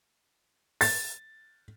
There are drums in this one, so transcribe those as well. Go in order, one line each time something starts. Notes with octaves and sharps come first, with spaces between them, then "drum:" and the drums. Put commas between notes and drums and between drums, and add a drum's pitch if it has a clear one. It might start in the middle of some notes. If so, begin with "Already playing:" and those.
A6, drum: open hi-hat